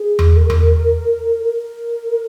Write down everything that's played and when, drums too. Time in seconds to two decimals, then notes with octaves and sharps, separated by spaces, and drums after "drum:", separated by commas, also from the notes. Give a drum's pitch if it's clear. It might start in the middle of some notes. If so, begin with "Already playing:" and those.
Already playing: G#4
0.19 drum: tom E2
0.36 A#4
0.50 drum: tom E2
1.44 A#4